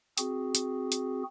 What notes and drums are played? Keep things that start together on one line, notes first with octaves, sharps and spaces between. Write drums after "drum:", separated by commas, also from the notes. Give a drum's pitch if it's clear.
C4 F#4 G#4, drum: hi-hat
drum: hi-hat
drum: hi-hat